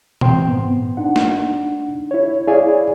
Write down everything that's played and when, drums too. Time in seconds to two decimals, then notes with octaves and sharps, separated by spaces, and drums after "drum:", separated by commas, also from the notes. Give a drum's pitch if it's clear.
0.21 E3 C4 C5 G5 C6, drum: tom A#2
0.48 G#2 B3
0.97 D4 D#4 F#5
1.16 drum: snare
2.11 E4 C#5
2.47 E4 G#4 C#5 D5 F5 G#5